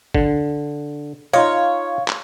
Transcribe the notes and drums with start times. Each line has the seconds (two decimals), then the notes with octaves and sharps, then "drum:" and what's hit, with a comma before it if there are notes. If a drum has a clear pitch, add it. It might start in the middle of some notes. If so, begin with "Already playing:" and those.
0.14 D3, drum: kick
1.33 D#4 F4 C#5 D#5 F5
2.08 drum: clap